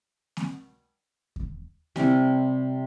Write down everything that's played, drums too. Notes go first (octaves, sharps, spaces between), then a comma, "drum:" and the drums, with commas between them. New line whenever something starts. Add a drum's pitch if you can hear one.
drum: snare A#3
drum: kick D#2
C3 G3 C4 E4, drum: snare A#3